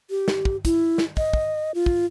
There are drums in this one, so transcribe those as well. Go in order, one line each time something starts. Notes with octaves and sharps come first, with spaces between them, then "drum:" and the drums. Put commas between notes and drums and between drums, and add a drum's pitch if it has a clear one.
G4
drum: snare
drum: kick
E4, drum: kick, hi-hat
drum: snare
D#5, drum: kick
drum: kick
F4
drum: kick